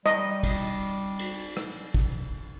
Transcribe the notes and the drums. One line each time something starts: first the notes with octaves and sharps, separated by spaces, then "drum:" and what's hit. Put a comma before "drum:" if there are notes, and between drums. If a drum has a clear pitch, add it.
G3 D#5, drum: rim click
drum: kick, cymbal
drum: cymbal
drum: rim click
drum: kick